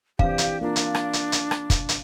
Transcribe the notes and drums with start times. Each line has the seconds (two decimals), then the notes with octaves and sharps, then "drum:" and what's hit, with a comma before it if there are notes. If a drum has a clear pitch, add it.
0.19 E3 C4 D4 G4 F5, drum: kick
0.38 drum: hi-hat
0.61 A#3 D4 F4 A#4
0.76 drum: hi-hat
0.95 drum: rim click
1.13 drum: hi-hat
1.32 drum: hi-hat
1.51 drum: rim click
1.70 drum: kick, hi-hat
1.89 drum: hi-hat